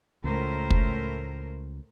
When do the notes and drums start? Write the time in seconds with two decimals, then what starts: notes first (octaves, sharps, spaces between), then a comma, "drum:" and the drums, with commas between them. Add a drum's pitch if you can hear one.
0.24 C#2 A2 A3 A#4 C5
0.70 drum: kick